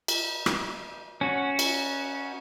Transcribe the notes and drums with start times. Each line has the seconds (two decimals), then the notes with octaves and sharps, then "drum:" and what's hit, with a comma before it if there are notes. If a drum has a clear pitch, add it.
0.08 drum: cymbal
0.46 drum: rim click
1.21 C#4 F#4
1.59 drum: cymbal